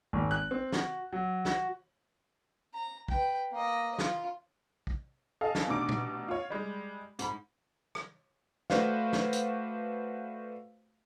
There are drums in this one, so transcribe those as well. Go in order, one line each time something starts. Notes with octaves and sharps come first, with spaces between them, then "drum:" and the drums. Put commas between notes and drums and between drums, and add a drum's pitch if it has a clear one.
G#1
F#6
C4
F#4, drum: snare
F#3
F#4, drum: snare
A#5
B4 G5, drum: kick
A#3 D#5
F4, drum: snare
drum: kick
A4 D#5 F5 G#5
drum: snare
A1 B2 D4 D#4 D6 D7
drum: tom A#2
F4 C#5
G3 G#3
G#2 B5, drum: hi-hat
drum: rim click
A3 F#4 B4 C5 D5 F5, drum: snare
drum: snare
drum: hi-hat